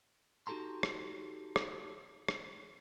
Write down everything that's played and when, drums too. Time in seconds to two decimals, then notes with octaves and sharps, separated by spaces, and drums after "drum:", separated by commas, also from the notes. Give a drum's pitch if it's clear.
0.47 D#4 F#4 G4 A4 A#5 C6
0.83 drum: rim click
1.56 drum: rim click
2.28 drum: rim click